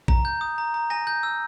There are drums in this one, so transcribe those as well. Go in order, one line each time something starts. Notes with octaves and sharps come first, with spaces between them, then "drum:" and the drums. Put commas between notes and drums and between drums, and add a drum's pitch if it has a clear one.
A#5, drum: kick
G6
D#6
A#5
A#5
G#5 A#6
G6
E6